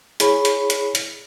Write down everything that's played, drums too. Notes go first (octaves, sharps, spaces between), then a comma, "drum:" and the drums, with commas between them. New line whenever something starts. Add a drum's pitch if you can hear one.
E4 G#4 C#5 B5, drum: hi-hat
drum: hi-hat
drum: hi-hat
drum: hi-hat